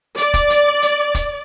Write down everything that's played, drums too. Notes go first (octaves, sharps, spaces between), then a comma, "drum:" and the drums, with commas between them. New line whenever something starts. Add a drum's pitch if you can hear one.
D5, drum: hi-hat
drum: kick, hi-hat
drum: hi-hat
drum: hi-hat
drum: kick, hi-hat